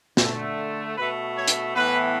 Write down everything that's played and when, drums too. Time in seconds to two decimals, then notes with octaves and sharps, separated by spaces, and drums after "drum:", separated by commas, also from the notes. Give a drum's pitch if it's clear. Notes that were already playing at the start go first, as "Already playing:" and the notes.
0.17 D3 A3, drum: snare
0.96 B2 A3 B4
1.35 C#5
1.48 drum: hi-hat
1.74 A2 E3 B3 B4